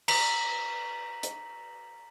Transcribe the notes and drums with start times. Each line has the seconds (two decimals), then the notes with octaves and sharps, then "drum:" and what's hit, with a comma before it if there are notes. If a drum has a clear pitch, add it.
0.08 A#5 B6 F#7, drum: cymbal
1.23 drum: hi-hat